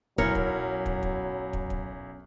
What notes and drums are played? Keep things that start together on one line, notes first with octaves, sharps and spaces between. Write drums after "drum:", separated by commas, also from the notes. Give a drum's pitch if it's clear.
B1 F#3 C#4 E4 A#4 C#5, drum: kick
drum: kick
drum: kick
drum: kick
drum: kick
drum: kick